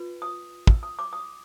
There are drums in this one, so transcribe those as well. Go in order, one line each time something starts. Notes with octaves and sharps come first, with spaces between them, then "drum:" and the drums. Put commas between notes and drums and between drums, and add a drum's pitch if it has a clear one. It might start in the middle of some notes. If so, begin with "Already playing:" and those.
Already playing: F4 B4
D#6
E6, drum: kick
D#6
D6
D#6